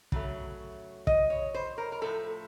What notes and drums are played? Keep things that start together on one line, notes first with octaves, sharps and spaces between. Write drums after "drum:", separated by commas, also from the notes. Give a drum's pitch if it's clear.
C#3 F#3 A3, drum: kick
D#5, drum: kick
C#5
C5
A#4
A#4
A2 F3 A3 A4